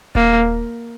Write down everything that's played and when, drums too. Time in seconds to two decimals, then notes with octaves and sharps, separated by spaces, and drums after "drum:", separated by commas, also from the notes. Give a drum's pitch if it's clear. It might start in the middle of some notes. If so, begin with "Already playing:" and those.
0.15 A#3, drum: kick D#1